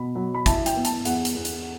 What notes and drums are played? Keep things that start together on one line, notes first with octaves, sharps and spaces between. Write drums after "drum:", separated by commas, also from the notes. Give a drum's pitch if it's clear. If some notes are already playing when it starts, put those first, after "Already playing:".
Already playing: B2 B5
F#3
B5
E4 A5, drum: kick, hi-hat
G5, drum: hi-hat
B3
A5, drum: hi-hat
E2 F#5, drum: hi-hat
drum: hi-hat
E2
drum: hi-hat